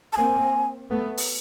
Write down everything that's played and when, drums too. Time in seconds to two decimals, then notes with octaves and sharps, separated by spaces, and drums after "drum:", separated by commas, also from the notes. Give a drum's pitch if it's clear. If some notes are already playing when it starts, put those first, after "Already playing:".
0.13 A5
0.17 A#3 C4 G#5
0.90 A3 B3
1.17 drum: open hi-hat